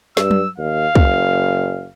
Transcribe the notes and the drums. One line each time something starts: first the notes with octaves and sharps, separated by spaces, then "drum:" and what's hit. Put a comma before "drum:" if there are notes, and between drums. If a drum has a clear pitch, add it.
G2 E6, drum: snare
drum: tom F#3
D#2 F5
F#1, drum: kick